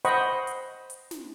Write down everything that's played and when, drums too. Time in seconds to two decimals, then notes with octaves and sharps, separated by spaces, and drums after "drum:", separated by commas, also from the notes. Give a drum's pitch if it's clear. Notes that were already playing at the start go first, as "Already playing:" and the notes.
0.05 C5 D#5 F#5 G5 B5 C#6, drum: hi-hat
0.47 drum: hi-hat
0.90 drum: hi-hat
1.11 drum: snare